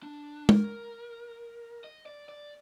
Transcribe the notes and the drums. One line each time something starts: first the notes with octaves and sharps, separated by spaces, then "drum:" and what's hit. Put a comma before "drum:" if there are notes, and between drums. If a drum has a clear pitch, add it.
D4
A#4, drum: tom
D#5
D5
D5